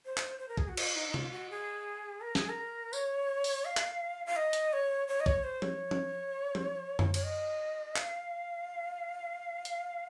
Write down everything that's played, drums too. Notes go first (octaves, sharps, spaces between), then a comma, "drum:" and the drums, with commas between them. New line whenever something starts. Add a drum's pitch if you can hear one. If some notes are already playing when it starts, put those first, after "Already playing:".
C5
drum: clap
C5
A#4
G#4, drum: kick
F#4
F4, drum: cymbal
D#4
D#4
F4, drum: tom C3
F#4
G#4
A#4
G#4, drum: snare
A#4
C#5, drum: tambourine
drum: open hi-hat
F5
drum: clap
F5
D#5
drum: hi-hat
C#5
C#5
D#5
C#5, drum: kick
C5
C#5, drum: tom F3
drum: tom F3
drum: tom F3
drum: tom F#2
C#5, drum: cymbal
D#5
F5, drum: clap
drum: hi-hat